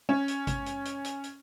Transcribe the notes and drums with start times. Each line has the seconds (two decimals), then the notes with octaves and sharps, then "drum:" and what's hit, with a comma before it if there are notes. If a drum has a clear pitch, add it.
0.09 C#4
0.28 drum: hi-hat
0.47 drum: kick G#1, hi-hat
0.66 drum: hi-hat
0.85 drum: hi-hat
1.04 drum: hi-hat
1.24 drum: hi-hat